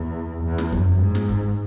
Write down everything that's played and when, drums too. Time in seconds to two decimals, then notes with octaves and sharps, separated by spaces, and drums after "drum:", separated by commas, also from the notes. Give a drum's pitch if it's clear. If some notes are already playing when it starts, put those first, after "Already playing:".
Already playing: E2
0.44 E2
0.58 drum: snare
0.72 F#2, drum: kick
1.00 G#2
1.15 drum: snare
1.29 drum: kick